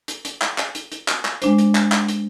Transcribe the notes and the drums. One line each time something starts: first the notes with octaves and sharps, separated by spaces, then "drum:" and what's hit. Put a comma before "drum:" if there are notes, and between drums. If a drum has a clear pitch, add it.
drum: hi-hat
drum: hi-hat
drum: clap
drum: clap
drum: hi-hat
drum: hi-hat
drum: clap
drum: clap
G#3 D4 C5, drum: hi-hat
drum: hi-hat
drum: clap
drum: clap
drum: hi-hat